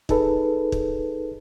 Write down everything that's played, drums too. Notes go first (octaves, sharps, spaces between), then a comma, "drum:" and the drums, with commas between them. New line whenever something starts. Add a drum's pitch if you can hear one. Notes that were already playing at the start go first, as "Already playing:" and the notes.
D#4 G#4 A4 B4, drum: kick
drum: kick